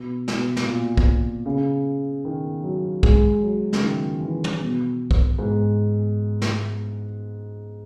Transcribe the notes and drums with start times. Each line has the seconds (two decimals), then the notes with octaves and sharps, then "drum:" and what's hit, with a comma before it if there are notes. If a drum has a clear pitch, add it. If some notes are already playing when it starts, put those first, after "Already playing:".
Already playing: B2
0.28 B2, drum: snare
0.56 drum: snare
0.67 A#2
0.97 drum: kick
1.46 C#3
2.25 D#3
2.63 F#3
3.03 G#3, drum: kick
3.42 F#3
3.73 C#3, drum: snare
3.81 D#3
4.20 E3
4.44 drum: tom
4.60 B2
5.11 drum: kick
5.38 G#2
6.42 drum: snare